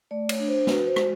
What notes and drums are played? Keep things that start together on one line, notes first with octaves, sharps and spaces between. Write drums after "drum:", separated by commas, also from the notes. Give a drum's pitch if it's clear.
A3 D5
C#5, drum: cymbal
D4
C5
F#4 B4, drum: snare
C5
G#3, drum: rim click